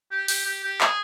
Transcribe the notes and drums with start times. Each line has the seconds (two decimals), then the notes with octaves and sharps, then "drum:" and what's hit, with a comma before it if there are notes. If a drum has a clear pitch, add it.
0.11 G4
0.28 G4, drum: open hi-hat
0.46 G4
0.63 G4
0.81 G#4, drum: clap